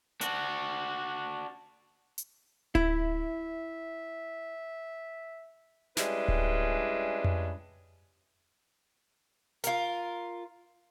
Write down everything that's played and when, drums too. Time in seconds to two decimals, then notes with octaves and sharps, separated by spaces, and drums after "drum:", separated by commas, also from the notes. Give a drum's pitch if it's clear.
0.21 D4 F#4, drum: hi-hat
2.18 drum: hi-hat
2.75 E4 E5, drum: kick D1
5.97 G3 G#3 C#4 D4 E4 B4, drum: snare
6.28 drum: kick D1
7.24 drum: tom F2
9.64 F4 A#4, drum: hi-hat